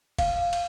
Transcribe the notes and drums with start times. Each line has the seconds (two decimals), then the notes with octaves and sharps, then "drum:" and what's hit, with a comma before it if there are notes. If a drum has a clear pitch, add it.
0.18 F5, drum: kick F1, cymbal
0.53 drum: cymbal